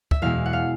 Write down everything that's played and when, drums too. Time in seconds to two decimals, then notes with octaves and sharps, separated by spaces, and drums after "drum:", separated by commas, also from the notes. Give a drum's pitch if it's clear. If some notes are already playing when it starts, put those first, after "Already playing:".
0.11 E5, drum: kick C#2
0.22 E2 B2 G#3 F5
0.46 F#5
0.53 F5